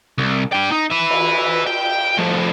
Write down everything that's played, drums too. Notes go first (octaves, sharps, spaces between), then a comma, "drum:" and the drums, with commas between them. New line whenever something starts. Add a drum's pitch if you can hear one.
C2
D4 G5
D#4
B4 E5
drum: cymbal
G5
A2 F3